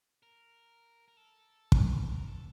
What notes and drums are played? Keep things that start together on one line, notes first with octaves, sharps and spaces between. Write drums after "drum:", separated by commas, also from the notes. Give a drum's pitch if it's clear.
A#4
A#4
A4
drum: kick
A#4
A4